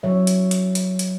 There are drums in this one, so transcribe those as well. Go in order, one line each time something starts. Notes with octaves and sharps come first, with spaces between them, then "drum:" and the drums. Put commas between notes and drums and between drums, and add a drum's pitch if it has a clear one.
F#3 C#5 E5
drum: hi-hat
drum: hi-hat
drum: hi-hat
drum: hi-hat